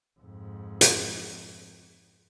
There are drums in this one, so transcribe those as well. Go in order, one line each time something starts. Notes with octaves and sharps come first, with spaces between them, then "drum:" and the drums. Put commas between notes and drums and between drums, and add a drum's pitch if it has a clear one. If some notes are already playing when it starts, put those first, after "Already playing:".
F2 G#2
drum: hi-hat